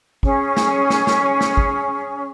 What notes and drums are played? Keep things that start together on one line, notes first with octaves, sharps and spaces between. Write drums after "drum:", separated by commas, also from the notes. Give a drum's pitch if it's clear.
C#4 G#4, drum: kick
drum: snare
drum: snare
drum: snare
drum: snare
drum: kick